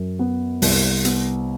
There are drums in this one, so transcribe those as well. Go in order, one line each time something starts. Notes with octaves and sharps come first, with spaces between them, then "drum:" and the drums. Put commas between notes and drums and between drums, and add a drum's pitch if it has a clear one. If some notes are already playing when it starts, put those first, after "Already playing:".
Already playing: F#2
B3
C2, drum: open hi-hat
B3, drum: hi-hat